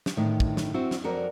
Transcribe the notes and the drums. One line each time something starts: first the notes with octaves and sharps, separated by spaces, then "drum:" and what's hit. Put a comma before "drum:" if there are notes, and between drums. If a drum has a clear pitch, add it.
drum: snare
A2 D3 D#3
drum: kick
drum: snare
C4 E4 F#4
drum: snare
F2 F#4 A#4 D5